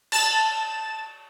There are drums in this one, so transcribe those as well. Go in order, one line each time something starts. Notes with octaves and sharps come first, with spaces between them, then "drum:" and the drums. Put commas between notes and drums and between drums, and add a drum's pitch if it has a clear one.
A5 A6 E7, drum: cymbal